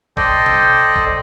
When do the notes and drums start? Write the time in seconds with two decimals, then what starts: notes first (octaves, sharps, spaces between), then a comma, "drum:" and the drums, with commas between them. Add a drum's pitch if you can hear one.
0.17 A4 C5 D5 D#5 G5, drum: kick
0.46 drum: tom B2
0.96 drum: kick